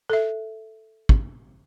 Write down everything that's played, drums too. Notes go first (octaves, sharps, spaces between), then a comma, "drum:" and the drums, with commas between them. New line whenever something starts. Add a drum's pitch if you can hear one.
A4 E5
drum: kick